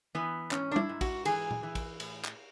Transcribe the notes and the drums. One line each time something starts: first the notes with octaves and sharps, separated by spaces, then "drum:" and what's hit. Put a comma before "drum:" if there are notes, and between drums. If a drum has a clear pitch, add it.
E3 B3
G#2 C#4, drum: clap
D4
E4, drum: tom
G#2
F#4, drum: kick, cymbal
E3 G#4, drum: cymbal
drum: tom A#2
E3
drum: kick, cymbal
A2, drum: cymbal
drum: clap